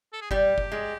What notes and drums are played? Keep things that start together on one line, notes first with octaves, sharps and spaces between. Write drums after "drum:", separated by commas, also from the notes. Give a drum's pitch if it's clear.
A4
G#4
G3 G4, drum: kick F#1
drum: kick F#1
G#3